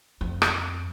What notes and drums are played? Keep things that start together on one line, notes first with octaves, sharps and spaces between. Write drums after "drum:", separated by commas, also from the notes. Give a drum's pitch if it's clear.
F2
drum: rim click